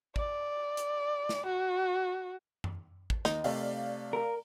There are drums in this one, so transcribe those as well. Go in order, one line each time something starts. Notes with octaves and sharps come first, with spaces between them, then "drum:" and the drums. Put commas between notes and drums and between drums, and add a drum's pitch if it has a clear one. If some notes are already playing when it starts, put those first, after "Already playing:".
D5, drum: kick
drum: hi-hat
drum: snare
F#4
drum: tom F#2
drum: kick
D#2 D#4, drum: snare
C3 A3 D5 F5, drum: open hi-hat
A#4